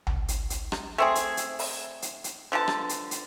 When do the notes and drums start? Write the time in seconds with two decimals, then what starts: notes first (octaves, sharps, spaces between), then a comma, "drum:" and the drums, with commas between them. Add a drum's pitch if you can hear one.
0.07 G#1, drum: tom C#2
0.28 drum: hi-hat
0.50 drum: hi-hat
0.72 drum: rim click
0.98 A3 C4 G#4
1.15 drum: hi-hat
1.37 drum: hi-hat
1.59 drum: open hi-hat
2.02 drum: hi-hat
2.24 drum: hi-hat
2.52 D3 F3 B3 A5
2.68 drum: rim click
2.89 drum: hi-hat
3.11 drum: hi-hat